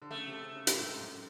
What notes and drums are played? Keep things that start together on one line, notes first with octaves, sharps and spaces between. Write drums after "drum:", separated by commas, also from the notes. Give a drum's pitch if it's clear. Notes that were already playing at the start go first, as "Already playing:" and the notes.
D3
C#3 A3
C3
C#3
C#3
C3, drum: hi-hat
G#2
A2
G#2
F#2